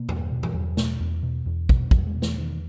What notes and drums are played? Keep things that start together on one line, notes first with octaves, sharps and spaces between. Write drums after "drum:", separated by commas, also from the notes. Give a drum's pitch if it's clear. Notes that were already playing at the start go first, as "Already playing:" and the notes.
Already playing: B2 A#3
E2, drum: tom G2
B2
E3, drum: tom G2
E2 F#3
B2, drum: snare
E2
B2
E2
B2, drum: kick
E2 F#3, drum: kick
G#3
B2
E3, drum: snare
E2 D#3